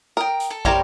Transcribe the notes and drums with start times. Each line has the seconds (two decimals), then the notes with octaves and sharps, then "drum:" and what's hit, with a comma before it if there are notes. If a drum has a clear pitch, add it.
0.17 A#4 G5 D#6
0.40 drum: hi-hat
0.50 A4
0.65 G3 C4 G4 A#4 C#5 C6, drum: kick